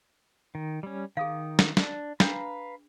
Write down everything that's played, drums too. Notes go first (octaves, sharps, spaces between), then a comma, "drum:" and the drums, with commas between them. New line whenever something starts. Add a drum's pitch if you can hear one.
D#3
G3 C#4
D#3 G#4 F5 D#6
drum: snare
D4, drum: snare
D4 G#4 B4 F5 A#5, drum: snare